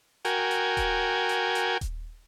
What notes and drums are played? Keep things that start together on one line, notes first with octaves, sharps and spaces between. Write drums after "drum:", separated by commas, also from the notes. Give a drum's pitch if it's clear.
F#4 A#4 G5 G#5, drum: hi-hat
drum: hi-hat
drum: kick D#1, hi-hat
drum: hi-hat
drum: hi-hat
drum: kick D#1, hi-hat